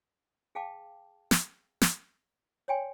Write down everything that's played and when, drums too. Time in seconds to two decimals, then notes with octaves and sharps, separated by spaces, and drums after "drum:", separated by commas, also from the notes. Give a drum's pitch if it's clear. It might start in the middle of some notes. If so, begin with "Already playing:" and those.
0.55 G#4 F5 G5 A5 D6
1.31 drum: snare
1.81 drum: snare
2.68 C#5 D5 G5 G#5 C6